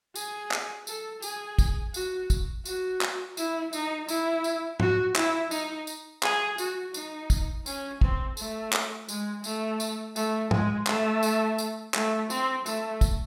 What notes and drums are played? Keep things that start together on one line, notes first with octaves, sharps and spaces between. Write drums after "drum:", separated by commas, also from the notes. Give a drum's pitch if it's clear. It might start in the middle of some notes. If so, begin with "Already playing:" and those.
G#4, drum: tambourine
drum: clap
A4, drum: tambourine
G#4, drum: tambourine
drum: kick, tambourine
F#4, drum: tambourine
drum: kick, tambourine
F#4, drum: tambourine
drum: clap
E4, drum: tambourine
D#4, drum: tambourine
E4, drum: tambourine
drum: tambourine
F#4, drum: tom
E4, drum: clap
D#4, drum: tambourine
drum: tambourine
G#4, drum: clap
F#4, drum: tambourine
D#4, drum: tambourine
drum: kick, tambourine
C#4, drum: tambourine
C4, drum: kick
A3, drum: tambourine
drum: clap
G#3, drum: tambourine
A3, drum: tambourine
drum: tambourine
A3, drum: tambourine
G#3, drum: tom
A3, drum: clap
drum: tambourine
drum: tambourine
A3, drum: clap
C4, drum: tambourine
A3, drum: tambourine
drum: kick, tambourine